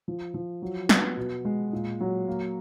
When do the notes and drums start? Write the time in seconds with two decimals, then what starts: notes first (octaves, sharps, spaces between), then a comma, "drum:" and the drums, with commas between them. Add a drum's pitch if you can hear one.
0.08 F3
0.34 F3
0.62 F#3
0.89 B3, drum: snare
1.17 B2
1.45 G#3
1.73 A#2
2.00 F#3
2.28 A#3